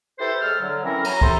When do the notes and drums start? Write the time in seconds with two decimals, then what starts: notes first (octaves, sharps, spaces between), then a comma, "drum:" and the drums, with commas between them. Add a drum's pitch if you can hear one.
0.19 E4 G4 A4 B4 C5
0.41 A2 G#3 A4 F6
0.61 D3 F#3
0.84 E3 A3 C4 C#4 E4 A#4
1.05 F#3 A#5, drum: cymbal
1.21 E4 G4 A4 C5 A#5 C6, drum: kick